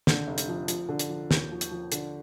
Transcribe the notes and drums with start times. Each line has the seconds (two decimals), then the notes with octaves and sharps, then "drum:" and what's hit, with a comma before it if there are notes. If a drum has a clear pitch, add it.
0.07 D3 G6, drum: snare
0.27 F1
0.38 drum: hi-hat
0.48 F3
0.68 F3, drum: hi-hat
0.89 D3
0.99 drum: hi-hat
1.09 F3
1.31 D#2 G6, drum: snare
1.51 F3
1.61 drum: hi-hat
1.71 F3
1.92 D3, drum: hi-hat